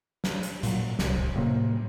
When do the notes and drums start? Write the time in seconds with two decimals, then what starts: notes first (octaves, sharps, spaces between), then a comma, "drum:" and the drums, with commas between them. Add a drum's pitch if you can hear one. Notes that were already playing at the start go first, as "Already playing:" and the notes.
0.24 drum: snare
0.43 drum: hi-hat
0.63 A#2 F#3, drum: hi-hat
0.99 D1 C2, drum: snare
1.35 A2 C3 A#3